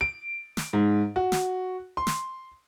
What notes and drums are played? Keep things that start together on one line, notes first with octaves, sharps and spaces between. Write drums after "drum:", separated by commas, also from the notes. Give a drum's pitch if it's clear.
D7
drum: snare
G#2
F#4
drum: snare
C6
drum: snare